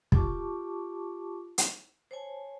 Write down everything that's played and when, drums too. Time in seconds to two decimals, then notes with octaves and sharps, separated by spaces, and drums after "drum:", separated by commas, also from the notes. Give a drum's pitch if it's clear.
0.12 F4 G4 A5 C#6 D6, drum: kick
1.58 drum: hi-hat
2.11 C5 C#5 G#5 A5